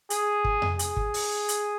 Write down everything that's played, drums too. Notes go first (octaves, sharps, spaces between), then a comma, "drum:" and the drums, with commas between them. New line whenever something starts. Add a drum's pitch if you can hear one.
G#4, drum: hi-hat
drum: kick
drum: tom F2
G#4, drum: hi-hat
drum: kick
drum: open hi-hat
drum: hi-hat